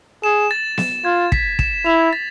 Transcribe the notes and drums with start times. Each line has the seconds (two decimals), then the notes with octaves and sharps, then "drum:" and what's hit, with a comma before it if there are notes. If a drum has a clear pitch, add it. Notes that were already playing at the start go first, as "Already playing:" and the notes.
0.24 G#4 E7
0.51 A6
0.78 E7, drum: snare B3
1.05 F4 G#6
1.32 B6, drum: kick
1.59 E7, drum: kick
1.86 E4 F7
2.13 A6